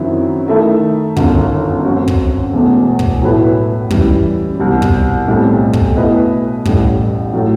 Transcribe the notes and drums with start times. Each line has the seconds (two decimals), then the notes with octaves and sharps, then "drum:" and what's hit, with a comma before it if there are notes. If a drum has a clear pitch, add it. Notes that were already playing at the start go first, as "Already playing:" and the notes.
Already playing: F#2 D#3 F#3 C4 E4
0.48 D#3 A3 E4 A4 E5
1.16 G1 F#2 D#3, drum: kick
1.85 F#2 F#3 C4 F#4
2.08 drum: kick
2.53 E1 E2 B2 A3
2.99 drum: kick
3.22 A2 F#3 A3 E4 B4
3.90 F#2 E3 G3, drum: kick
4.59 C2 B2 G3 C4
4.82 drum: kick
5.28 B1 A2 G3 C4
5.73 drum: kick
5.96 B2 A3 E4 B4 D#5
6.65 A1 A2 G3, drum: kick
7.34 A2 F#3